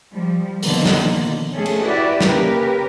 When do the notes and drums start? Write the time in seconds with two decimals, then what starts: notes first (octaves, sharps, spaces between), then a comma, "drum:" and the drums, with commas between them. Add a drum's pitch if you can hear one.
0.13 F3 G3
0.63 B2 D3 D#3 F3 A#3, drum: open hi-hat
0.86 drum: snare
1.51 A3 C#4 G#4 A4
1.66 drum: cymbal
1.83 E4 F#4 G4 B4 D5 E5
2.21 C#3 A#3 G4 A#4 B4, drum: snare